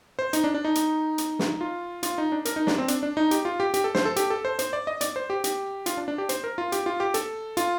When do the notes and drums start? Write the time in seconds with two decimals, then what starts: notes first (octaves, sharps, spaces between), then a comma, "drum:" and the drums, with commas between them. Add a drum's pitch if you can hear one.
0.19 C5
0.33 D#4, drum: hi-hat
0.44 D4
0.54 D4
0.64 D#4
0.75 drum: hi-hat
1.18 drum: hi-hat
1.39 drum: snare
1.61 F4
2.03 F4, drum: hi-hat
2.18 D#4
2.32 D4
2.45 A#4, drum: hi-hat
2.56 D#4
2.67 D4, drum: snare
2.78 C4
2.88 D4, drum: hi-hat
3.03 D4
3.17 D#4
3.31 G4, drum: hi-hat
3.45 F4
3.60 G4
3.74 G4, drum: hi-hat
3.84 A4
3.95 C5, drum: snare
4.05 A4
4.16 G4, drum: hi-hat
4.30 A4
4.45 C5
4.59 C5, drum: hi-hat
4.73 D5
4.87 D#5
5.01 D5, drum: hi-hat
5.16 C5
5.30 G4
5.44 G4, drum: hi-hat
5.86 F4, drum: hi-hat
5.97 D4
6.08 D4
6.18 G4
6.29 C5, drum: hi-hat
6.44 A#4
6.58 F4
6.72 G4, drum: hi-hat
6.86 F4
7.00 G4
7.14 A4, drum: hi-hat
7.57 F4, drum: hi-hat